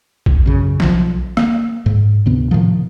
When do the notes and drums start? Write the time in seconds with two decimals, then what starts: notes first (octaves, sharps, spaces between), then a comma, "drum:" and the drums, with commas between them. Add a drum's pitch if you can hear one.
0.26 drum: kick A#1
0.46 F#2 C#3
0.80 B1 F3, drum: snare
1.37 A#3, drum: rim click
1.86 G#2
2.26 D2 C3 B3
2.51 A2 C3 D#3 F3